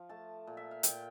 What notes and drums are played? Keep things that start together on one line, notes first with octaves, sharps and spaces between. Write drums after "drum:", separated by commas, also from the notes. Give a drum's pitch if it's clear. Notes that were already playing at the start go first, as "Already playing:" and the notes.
Already playing: F3 F5
A3 A5
A#2
E5
F5
A#2 G5, drum: hi-hat